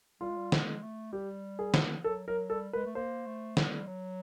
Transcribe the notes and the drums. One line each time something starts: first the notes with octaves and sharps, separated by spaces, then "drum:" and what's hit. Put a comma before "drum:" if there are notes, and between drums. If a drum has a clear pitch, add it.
G3 F4
G#3
G3
G#3, drum: snare
A3
G3 G4
G#4
drum: snare
F#3 A4
F#3 A#4
G3 A4
B4
G#3
A3
A#3 C5
A3
G3, drum: snare
F#3